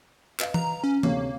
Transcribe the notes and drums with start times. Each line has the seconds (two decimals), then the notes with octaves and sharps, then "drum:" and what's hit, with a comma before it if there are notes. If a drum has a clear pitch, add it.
0.40 B4 D#5 F5, drum: clap
0.54 A#5, drum: tom E3
0.84 C#4
1.03 D2 C3 A#3 C#5, drum: tom E3